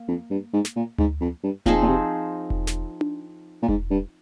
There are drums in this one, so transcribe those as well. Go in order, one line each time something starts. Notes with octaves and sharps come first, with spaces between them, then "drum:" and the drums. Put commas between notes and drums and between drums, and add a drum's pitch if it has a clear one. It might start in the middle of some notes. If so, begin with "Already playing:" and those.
Already playing: A#3
F2
G2
G#2
drum: snare
A#2
G#2, drum: tom D2
F2
G2
A#2 F3 C4 D#4 G#4, drum: kick E1
A#2
C3
drum: kick E1
drum: snare
drum: tom D4
A#2
G#2, drum: kick E1
G2